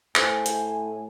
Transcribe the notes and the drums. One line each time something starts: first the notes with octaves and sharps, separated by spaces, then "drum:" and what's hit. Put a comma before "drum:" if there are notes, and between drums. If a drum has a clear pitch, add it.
A2 C5 G#5, drum: clap
drum: hi-hat